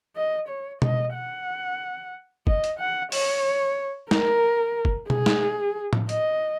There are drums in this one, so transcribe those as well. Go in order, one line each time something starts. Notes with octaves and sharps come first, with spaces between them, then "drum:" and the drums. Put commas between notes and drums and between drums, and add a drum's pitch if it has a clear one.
D#5
C#5
D#5, drum: tom B2
F#5
D#5, drum: kick
drum: hi-hat
F#5
C#5, drum: open hi-hat
A#4, drum: snare
drum: kick
G#4, drum: tom B2
drum: snare
drum: tom A2
D#5, drum: hi-hat